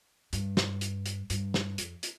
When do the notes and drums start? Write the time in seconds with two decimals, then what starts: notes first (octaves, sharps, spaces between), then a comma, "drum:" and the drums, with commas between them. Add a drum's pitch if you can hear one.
0.33 G2, drum: hi-hat
0.57 drum: snare
0.81 drum: hi-hat
1.06 drum: hi-hat
1.30 G2, drum: hi-hat
1.54 drum: snare
1.78 F2, drum: hi-hat
2.03 drum: hi-hat